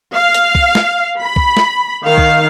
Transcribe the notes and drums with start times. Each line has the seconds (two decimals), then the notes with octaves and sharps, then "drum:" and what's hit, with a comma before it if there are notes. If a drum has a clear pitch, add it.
0.14 F5
0.34 drum: hi-hat
0.55 drum: kick
0.75 drum: snare
1.20 B5
1.36 drum: kick
1.57 drum: snare
2.06 D#3 F5
2.18 drum: kick